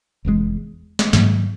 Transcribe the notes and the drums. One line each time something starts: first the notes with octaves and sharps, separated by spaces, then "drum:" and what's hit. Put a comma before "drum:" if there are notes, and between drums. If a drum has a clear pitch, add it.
F1 E2 B2 G#3
drum: snare
G#2 D#3 F#3 A#3, drum: snare